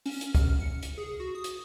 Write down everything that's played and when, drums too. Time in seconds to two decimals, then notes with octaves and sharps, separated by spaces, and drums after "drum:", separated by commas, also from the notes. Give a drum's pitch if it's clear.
0.06 C#4, drum: open hi-hat
0.21 drum: hi-hat
0.35 F6, drum: kick, hi-hat
0.60 C#7
0.83 drum: hi-hat
0.98 G#4
1.20 F#4
1.35 D#6
1.44 drum: hi-hat